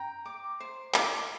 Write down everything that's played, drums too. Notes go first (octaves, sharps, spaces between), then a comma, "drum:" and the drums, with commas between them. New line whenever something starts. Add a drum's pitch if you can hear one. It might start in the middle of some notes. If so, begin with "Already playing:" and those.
Already playing: G5 A#5
D6
C5
D6, drum: clap